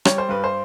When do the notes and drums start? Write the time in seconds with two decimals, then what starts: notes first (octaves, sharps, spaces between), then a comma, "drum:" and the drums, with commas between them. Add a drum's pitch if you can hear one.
0.05 G3 C#5, drum: rim click
0.18 C5
0.29 G2 B4
0.44 C5